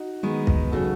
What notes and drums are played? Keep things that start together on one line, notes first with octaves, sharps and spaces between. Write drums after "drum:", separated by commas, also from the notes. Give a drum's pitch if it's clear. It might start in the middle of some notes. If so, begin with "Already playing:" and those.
Already playing: D#4 F#4
D#3 G#3 B3
drum: kick
C#3 F#3 F#4 A4